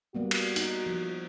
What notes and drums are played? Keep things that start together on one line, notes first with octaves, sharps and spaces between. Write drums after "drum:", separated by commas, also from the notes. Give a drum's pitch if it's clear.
G3 A#3 B3 F#4
drum: cymbal
D#4, drum: hi-hat
F3